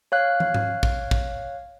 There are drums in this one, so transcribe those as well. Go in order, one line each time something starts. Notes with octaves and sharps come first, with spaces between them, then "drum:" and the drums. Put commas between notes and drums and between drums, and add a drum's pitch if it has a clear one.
C#5 F5 F#6
drum: tom
drum: tom G#2
drum: kick
drum: kick